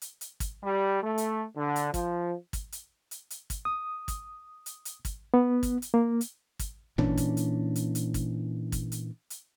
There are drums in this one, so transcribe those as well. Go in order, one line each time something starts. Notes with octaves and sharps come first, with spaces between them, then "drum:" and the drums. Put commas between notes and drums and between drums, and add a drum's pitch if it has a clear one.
drum: hi-hat
drum: hi-hat
drum: kick, hi-hat
G3
A3
drum: hi-hat
D3
drum: hi-hat
F3, drum: kick, hi-hat
drum: kick, hi-hat
drum: hi-hat
drum: hi-hat
drum: hi-hat
drum: kick, hi-hat
D#6
drum: kick, hi-hat
drum: hi-hat
drum: hi-hat
drum: kick, hi-hat
B3
drum: kick, hi-hat
drum: hi-hat
A#3
drum: hi-hat
drum: kick, hi-hat
A#2 E3 C#4 D4, drum: tom G#1
drum: kick, hi-hat
drum: hi-hat
drum: hi-hat
drum: hi-hat
drum: kick, hi-hat
drum: kick, hi-hat
drum: hi-hat
drum: hi-hat